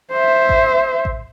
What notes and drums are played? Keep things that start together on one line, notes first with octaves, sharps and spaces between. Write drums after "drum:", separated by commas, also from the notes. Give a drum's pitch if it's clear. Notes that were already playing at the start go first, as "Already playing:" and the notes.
C5 E5
drum: kick A1
drum: kick A1